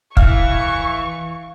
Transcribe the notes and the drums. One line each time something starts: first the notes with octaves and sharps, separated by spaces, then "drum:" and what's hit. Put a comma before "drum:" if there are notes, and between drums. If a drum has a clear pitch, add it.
E3 F5 C#6, drum: kick